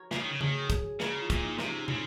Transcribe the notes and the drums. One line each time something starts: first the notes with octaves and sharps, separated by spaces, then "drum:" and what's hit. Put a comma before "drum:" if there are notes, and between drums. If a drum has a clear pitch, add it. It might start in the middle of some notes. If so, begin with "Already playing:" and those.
Already playing: F#4 A#4 C#5
C#3, drum: snare
D#3
C#3
D#3 G#4, drum: tom C#3
G#4, drum: kick, hi-hat
C#3 A#4, drum: snare
F4
A#2, drum: kick, hi-hat
D#4
C3, drum: snare
C#4
C#3 C4, drum: tom